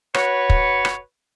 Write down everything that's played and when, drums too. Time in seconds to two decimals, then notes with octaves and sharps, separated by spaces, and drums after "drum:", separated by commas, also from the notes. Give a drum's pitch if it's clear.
0.14 F#4 B4 C#5, drum: rim click
0.50 drum: kick
0.85 drum: rim click